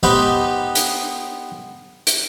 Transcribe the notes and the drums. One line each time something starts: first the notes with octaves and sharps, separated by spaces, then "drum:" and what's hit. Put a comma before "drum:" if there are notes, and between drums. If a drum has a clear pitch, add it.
B3 D#4 G4 B4 C5
drum: hi-hat
drum: hi-hat